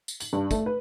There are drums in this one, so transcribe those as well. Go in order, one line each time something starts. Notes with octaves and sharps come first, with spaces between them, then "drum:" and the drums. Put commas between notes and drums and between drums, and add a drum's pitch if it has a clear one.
drum: tambourine
F#7, drum: tambourine
G2
A3, drum: kick, tambourine
B4